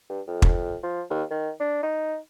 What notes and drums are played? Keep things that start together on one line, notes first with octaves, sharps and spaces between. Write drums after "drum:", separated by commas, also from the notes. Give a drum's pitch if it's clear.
G2
F2
drum: kick
F3
D#2
D#3
D4
D#4